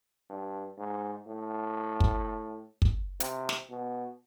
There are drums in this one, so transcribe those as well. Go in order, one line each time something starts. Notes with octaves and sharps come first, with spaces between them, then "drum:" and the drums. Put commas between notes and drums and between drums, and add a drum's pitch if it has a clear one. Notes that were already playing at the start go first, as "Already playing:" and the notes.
G2
G#2
A2
drum: kick
drum: kick
C3, drum: hi-hat
drum: snare
B2